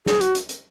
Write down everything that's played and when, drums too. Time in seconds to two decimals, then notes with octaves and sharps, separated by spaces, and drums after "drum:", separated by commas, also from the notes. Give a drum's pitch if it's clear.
0.06 G#4, drum: snare
0.21 F#4, drum: hi-hat
0.35 drum: hi-hat
0.49 drum: hi-hat